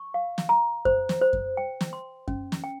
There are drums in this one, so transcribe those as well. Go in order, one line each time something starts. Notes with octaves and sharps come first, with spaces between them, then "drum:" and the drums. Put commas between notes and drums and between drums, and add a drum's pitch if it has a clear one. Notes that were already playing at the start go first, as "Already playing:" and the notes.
Already playing: C#6
F5
drum: snare
A#5
C5, drum: kick F#2
drum: snare
C5
drum: kick F#2
G5
drum: snare
C6
C#4, drum: kick F#2
drum: snare
G5